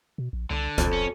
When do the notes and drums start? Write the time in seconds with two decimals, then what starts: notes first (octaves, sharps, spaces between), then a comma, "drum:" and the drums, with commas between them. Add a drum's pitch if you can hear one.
0.18 B2
0.33 A#1
0.51 C2 D3
0.78 E1 F2, drum: kick C2, hi-hat
0.93 C#4